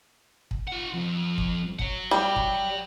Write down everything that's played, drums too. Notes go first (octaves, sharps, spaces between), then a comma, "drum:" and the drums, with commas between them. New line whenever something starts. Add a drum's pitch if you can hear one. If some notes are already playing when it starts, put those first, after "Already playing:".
drum: kick
F4 F#5
F2
drum: kick
C#5 F#5, drum: kick
G3
drum: kick